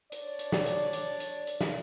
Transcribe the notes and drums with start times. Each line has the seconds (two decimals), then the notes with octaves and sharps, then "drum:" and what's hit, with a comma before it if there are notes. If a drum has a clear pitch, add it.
0.12 D4 C#5 D5, drum: hi-hat
0.39 drum: hi-hat
0.52 drum: snare
0.66 drum: hi-hat
0.93 drum: hi-hat
1.20 drum: hi-hat
1.47 drum: hi-hat
1.61 drum: snare